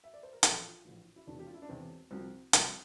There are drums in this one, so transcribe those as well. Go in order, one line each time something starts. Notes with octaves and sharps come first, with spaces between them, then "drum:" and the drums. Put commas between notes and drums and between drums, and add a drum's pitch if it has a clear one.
E5
D5
C5
A#4
A#1 A2 E3 A4, drum: hi-hat
F4
A#1 A2 E3
E4
E1 E2 C3 E3 D4
G4
F4
E4
D4
E1 E2 C3 E3 C4
C2 C3 F3 C4
C2 C3 F3, drum: hi-hat